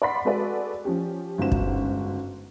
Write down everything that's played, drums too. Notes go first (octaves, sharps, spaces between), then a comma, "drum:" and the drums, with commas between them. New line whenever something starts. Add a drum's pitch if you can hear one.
D5 F#5 B5 C6 B6
G#3 C4 F#4 A4 B4 D5
F3 C#4 G4
G1 G#2 C#3 F#4 C5 E7
drum: kick